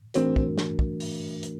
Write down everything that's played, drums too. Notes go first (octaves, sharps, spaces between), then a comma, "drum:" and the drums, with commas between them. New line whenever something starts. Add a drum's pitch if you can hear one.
E3 A3 C4 D4 F#4 A#4, drum: hi-hat
drum: kick
drum: snare
drum: kick
drum: open hi-hat
drum: hi-hat